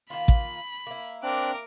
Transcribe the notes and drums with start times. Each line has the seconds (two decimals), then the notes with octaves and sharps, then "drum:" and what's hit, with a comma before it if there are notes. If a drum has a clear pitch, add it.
0.10 D#3 A#3 F4 B5
0.28 drum: kick
0.87 A#3 E4
1.23 C4 D4 A#4 D6 F#6